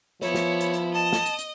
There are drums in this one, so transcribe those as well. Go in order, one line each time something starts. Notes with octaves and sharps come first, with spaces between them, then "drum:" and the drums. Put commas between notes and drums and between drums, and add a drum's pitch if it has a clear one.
F3 B3 E4 C#5, drum: snare
drum: snare
drum: hi-hat
drum: hi-hat
D#5 A5
drum: snare
drum: hi-hat
drum: hi-hat